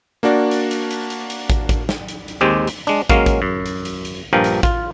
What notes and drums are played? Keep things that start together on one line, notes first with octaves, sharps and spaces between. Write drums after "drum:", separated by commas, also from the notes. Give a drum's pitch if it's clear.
A#3 D4 F#4 D5
drum: hi-hat
drum: hi-hat
drum: hi-hat
drum: hi-hat
drum: hi-hat
drum: kick, hi-hat
drum: kick, hi-hat
drum: snare
drum: hi-hat
drum: hi-hat
D#2 G#3 C4 G4
drum: hi-hat
G#3 D4, drum: hi-hat
F#3 G#3 A#3 C#4 F5, drum: kick, hi-hat
drum: kick, hi-hat
F#2
drum: hi-hat
drum: hi-hat
drum: hi-hat
A#1 G2 F3 A#4 G5
drum: hi-hat
F4, drum: kick, hi-hat